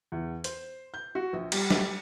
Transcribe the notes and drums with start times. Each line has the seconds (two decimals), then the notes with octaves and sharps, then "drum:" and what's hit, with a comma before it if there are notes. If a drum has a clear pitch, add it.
0.12 E2
0.44 C5, drum: hi-hat
0.94 G6
1.15 F#4
1.33 A#1
1.52 G3, drum: cymbal
1.70 drum: snare